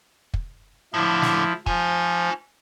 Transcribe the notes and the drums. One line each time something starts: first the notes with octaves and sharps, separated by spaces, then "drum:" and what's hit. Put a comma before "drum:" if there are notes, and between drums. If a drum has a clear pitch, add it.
drum: kick
A2 D3 F3 E4
drum: snare
F3 C5 G#5, drum: kick